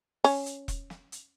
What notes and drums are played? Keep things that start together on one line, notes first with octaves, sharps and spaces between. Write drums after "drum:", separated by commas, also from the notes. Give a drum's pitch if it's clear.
C#4, drum: open hi-hat
drum: hi-hat
drum: kick E1, hi-hat
drum: snare
drum: hi-hat